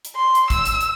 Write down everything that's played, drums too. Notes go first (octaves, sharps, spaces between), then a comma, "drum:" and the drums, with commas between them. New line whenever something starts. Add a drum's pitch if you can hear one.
drum: hi-hat
C6
drum: hi-hat
E6, drum: kick, hi-hat
drum: hi-hat
drum: hi-hat